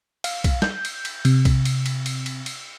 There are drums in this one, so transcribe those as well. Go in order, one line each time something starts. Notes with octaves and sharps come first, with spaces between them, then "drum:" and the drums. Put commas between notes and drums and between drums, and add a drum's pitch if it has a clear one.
F5, drum: cymbal
drum: kick, cymbal
G6, drum: snare
drum: cymbal
drum: cymbal
C3, drum: cymbal
drum: kick, cymbal
drum: cymbal
drum: cymbal
drum: cymbal
drum: cymbal
drum: cymbal